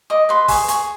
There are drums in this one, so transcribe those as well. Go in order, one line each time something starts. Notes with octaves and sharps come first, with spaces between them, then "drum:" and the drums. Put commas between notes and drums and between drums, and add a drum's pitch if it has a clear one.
D#5 D6
B4 C6
G#4 C#6, drum: kick, open hi-hat
G#4 C#6, drum: hi-hat